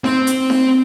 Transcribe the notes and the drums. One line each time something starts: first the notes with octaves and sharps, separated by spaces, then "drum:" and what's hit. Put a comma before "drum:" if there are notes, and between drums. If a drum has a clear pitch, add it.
C4 C5, drum: snare D#4
drum: hi-hat
drum: snare D#4